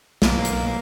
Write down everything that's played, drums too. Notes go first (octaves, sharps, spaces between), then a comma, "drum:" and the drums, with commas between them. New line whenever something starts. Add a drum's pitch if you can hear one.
B1 A#3, drum: snare
drum: hi-hat